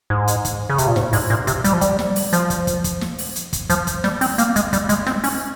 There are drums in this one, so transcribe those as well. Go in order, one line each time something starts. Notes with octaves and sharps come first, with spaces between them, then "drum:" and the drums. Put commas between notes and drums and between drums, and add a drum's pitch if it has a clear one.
G#2
drum: hi-hat
drum: kick, hi-hat
C#3
C3, drum: kick, hi-hat
A#2
G#2, drum: snare
G#2, drum: open hi-hat
A#2
C3, drum: kick, hi-hat
G3, drum: kick, hi-hat
F3
G3, drum: kick, hi-hat
drum: snare
drum: open hi-hat
F3, drum: hi-hat
drum: kick, hi-hat
drum: kick, hi-hat
drum: kick, hi-hat
drum: snare
drum: open hi-hat
drum: hi-hat
drum: kick, hi-hat
F3, drum: kick, hi-hat
drum: kick, hi-hat
G3, drum: snare
C4, drum: open hi-hat
A#3, drum: hi-hat
G#3, drum: kick, hi-hat
G3, drum: kick, hi-hat
G#3, drum: kick, hi-hat
C4, drum: snare
C#4, drum: open hi-hat